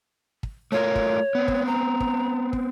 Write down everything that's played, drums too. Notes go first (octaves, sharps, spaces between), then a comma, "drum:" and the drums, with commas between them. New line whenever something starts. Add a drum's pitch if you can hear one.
drum: kick
A3 F4 A#4 C#5
drum: kick
B3 C4
drum: kick
A#5
drum: kick
drum: kick